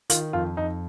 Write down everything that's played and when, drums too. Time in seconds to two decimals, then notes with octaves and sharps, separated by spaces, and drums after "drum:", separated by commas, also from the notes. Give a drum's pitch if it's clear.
0.10 D#3 F4, drum: hi-hat
0.33 F2 F4
0.57 F2 D#4